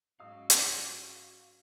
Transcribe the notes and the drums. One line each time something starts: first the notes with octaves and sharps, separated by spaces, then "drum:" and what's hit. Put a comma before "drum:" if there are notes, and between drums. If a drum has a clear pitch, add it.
G#2 F#3 C#4 F#4 D#5 F5 D#6 E6
drum: hi-hat